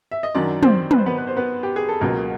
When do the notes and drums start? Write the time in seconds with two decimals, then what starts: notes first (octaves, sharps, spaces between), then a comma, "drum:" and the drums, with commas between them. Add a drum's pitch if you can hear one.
0.11 E5
0.23 D#5
0.35 F#2 D#3 F#3 D4 D5
0.63 C4 C5, drum: tom
0.91 B4, drum: tom
0.98 C5
1.06 B3 B4
1.18 B4
1.27 C5
1.37 B3 B4
1.63 G4
1.76 G#4
1.89 A4
2.01 C#2 B2 F#3 A#3 A#4